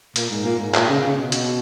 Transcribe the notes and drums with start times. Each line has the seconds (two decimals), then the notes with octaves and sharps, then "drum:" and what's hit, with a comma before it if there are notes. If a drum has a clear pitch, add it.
0.16 A#2, drum: hi-hat
0.30 G#2
0.45 A#2
0.59 G#2
0.74 A#2, drum: clap
0.88 C#3
1.03 C#3
1.17 B2
1.32 B2, drum: hi-hat